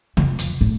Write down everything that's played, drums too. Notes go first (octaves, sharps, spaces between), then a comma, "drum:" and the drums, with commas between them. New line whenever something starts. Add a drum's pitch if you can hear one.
F2, drum: tom
drum: hi-hat
A2